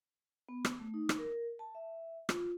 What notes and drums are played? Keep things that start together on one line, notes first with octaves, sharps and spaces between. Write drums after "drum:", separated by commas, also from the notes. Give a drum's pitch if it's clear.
B3
drum: rim click
A3
D#4
drum: rim click
A#4
A5
E5
F4, drum: rim click